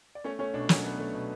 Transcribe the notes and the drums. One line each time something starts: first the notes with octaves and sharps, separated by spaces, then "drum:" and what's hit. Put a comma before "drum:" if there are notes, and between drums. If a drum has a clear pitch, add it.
D5
A3 C#4 C#5
A3 C#4 C#5
B2 D4 D5
F#3 C#4 C#5, drum: snare
A3 B3 B4
A3
B2